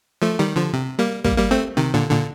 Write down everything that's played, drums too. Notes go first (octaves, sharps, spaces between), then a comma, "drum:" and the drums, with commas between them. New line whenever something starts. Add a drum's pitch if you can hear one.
F3 A3
D#3 G3
D3 F3
C3
G3 A#3
G3 A#3, drum: kick
G3 A#3
A3 C4
C3 D#3
A#2 D3
A#2 D3